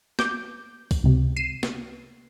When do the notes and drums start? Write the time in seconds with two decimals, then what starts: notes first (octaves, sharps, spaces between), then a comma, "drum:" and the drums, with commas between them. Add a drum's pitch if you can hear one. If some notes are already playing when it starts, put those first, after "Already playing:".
0.19 D6 G6, drum: snare
0.91 drum: kick, open hi-hat
1.03 C#2 C3
1.36 C7 D#7 E7
1.63 drum: snare